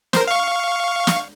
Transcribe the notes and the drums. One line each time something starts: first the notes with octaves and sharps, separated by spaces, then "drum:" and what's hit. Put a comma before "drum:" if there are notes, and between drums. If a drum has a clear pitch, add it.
A#4 C5, drum: snare
F5 C#6
drum: snare